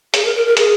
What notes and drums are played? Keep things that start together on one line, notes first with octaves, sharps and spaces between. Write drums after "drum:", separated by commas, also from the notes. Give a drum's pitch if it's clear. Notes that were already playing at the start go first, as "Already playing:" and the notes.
G#4, drum: hi-hat
A#4
A#4
A#4
G#4, drum: hi-hat